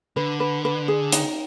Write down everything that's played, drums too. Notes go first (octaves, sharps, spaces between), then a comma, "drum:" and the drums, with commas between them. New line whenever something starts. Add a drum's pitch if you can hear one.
D3 B4
B4
B4
G#4
D#4, drum: hi-hat